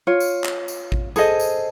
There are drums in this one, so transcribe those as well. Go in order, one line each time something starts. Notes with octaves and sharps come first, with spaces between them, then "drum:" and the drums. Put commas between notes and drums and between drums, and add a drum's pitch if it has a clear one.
F4 C#5
drum: tambourine
drum: clap
drum: tambourine
drum: kick A1
G#4 A4 C5 D#5, drum: tambourine
drum: tambourine